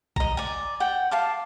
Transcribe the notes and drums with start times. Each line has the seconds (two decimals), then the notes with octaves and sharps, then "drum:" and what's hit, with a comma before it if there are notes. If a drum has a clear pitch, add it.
0.16 D#5 A#5, drum: kick
0.37 D5 G#5
0.80 F#5 G5
1.11 F5 A5 D6